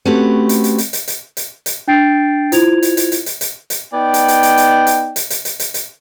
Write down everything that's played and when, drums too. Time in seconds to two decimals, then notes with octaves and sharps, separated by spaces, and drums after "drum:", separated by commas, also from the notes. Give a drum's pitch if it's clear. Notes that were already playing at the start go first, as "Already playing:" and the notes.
0.05 A3 C4 C#4 F#4 G4 B4
0.49 drum: hi-hat
0.64 drum: hi-hat
0.78 drum: hi-hat
0.93 drum: hi-hat
1.08 drum: hi-hat
1.37 drum: hi-hat
1.66 drum: hi-hat
1.88 D4 G5 G6 A6 C7 D7
2.52 E4 F4 C5 G#6 F7, drum: hi-hat
2.82 drum: hi-hat
2.97 drum: hi-hat
3.12 drum: hi-hat
3.26 drum: hi-hat
3.41 drum: hi-hat
3.70 drum: hi-hat
3.93 B3 D#4 D5 G5
4.14 drum: hi-hat
4.28 drum: hi-hat
4.43 drum: hi-hat
4.57 drum: hi-hat
4.87 drum: hi-hat
5.16 drum: hi-hat
5.30 drum: hi-hat
5.45 drum: hi-hat
5.60 drum: hi-hat
5.74 drum: hi-hat